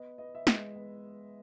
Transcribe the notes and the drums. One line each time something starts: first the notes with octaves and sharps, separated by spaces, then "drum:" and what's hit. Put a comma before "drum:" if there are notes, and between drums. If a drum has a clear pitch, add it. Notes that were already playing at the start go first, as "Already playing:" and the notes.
Already playing: B3 D#5
B3 D#5
E5
G#3 D#5, drum: snare
B3